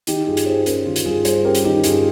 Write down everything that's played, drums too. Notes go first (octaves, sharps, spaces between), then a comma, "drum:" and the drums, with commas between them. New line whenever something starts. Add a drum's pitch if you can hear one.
D#3 D#4 G4, drum: hi-hat
G2 F4 G#4
drum: hi-hat
G3 G#4 C5
C#4 G4 A#4, drum: hi-hat
D#3 F4
drum: hi-hat
G2 F4 G#4
G3 G#4 C5, drum: hi-hat
C#4 G4 A#4
drum: hi-hat
D#3 D#4 G4
G2 F4 G#4, drum: hi-hat